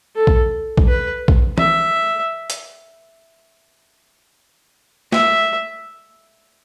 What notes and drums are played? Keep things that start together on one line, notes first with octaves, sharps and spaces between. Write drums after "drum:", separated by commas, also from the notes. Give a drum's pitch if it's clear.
A4
drum: kick A#1
drum: kick A#1
B4
drum: kick A#1
E5, drum: tom E3
drum: hi-hat
E5, drum: snare